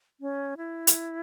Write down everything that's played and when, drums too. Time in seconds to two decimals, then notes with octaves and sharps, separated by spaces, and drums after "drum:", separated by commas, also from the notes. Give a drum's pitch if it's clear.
0.21 C#4
0.57 E4
0.87 drum: hi-hat